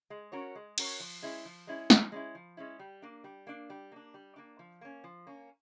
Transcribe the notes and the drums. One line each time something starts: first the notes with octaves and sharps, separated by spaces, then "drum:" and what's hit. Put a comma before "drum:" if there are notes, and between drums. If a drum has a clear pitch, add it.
G#3
C#4 F#4 A#4 C#5
G#3
C#4 F#4 A#4 C#5, drum: cymbal
F3
G#3 C#4 E4
F3
G#3 C#4 E4
F3, drum: snare
G#3 C#4 E4
F3
G#3 C#4 E4
G3
A#3 D4
G3
A#3 D4
G3
A#3 D4
G3
A#3 D4
F3
A#3 C#4
F3
A#3 C#4